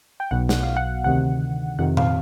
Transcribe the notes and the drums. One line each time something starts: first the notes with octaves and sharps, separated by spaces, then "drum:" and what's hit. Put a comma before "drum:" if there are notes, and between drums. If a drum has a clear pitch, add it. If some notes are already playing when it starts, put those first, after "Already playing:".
G5
B1 B2 F#5
F#5, drum: snare
F5
F#5
D2 C3 D#3 F#5
F2 C3 D#3 F#5
F5, drum: tom A#2